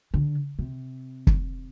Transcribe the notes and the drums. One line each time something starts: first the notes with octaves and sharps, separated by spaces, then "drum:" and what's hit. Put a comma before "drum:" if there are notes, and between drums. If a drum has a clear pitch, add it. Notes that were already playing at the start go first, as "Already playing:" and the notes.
D3
C3
drum: kick